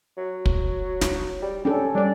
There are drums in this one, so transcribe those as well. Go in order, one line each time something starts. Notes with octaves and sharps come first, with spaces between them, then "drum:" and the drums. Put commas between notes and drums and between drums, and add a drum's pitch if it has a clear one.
F#3
drum: kick
drum: snare
G3
C#4 D4 G4 A4
G3 D4 D5